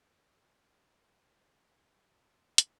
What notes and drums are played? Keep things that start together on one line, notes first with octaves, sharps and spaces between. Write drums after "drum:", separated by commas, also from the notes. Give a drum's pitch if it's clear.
C#5
D#5
C#4
D#4
A#4
C5
B4
C#6
C6
E5, drum: hi-hat